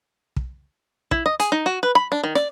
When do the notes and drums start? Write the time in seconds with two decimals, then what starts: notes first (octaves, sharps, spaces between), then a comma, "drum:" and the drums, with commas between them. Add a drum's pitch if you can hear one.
0.36 drum: kick
1.11 E4, drum: kick
1.26 D#5
1.40 G#4, drum: hi-hat
1.52 D#4
1.66 F#4
1.83 B4
1.95 B5
2.12 D4
2.24 D#3
2.35 D5, drum: snare